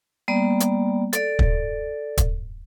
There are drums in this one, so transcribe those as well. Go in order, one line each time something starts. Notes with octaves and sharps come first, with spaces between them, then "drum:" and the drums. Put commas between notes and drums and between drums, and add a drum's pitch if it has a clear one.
G3 A#3 B3 D5
drum: hi-hat
A4 D5, drum: hi-hat
drum: kick
drum: kick, hi-hat